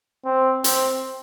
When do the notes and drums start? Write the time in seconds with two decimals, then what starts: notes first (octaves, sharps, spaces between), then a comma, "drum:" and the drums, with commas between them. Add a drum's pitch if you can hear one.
0.25 C4
0.64 C4, drum: hi-hat